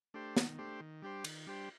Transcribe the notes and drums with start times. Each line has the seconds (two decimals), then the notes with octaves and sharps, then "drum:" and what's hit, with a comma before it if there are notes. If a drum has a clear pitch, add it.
0.14 A3 D4 G4 C5
0.37 D#3, drum: snare
0.58 A3 D4 G4 C5
0.80 D#3
1.02 G3 D4 G4 C5
1.24 D#3, drum: cymbal
1.47 G3 D4 G4 C5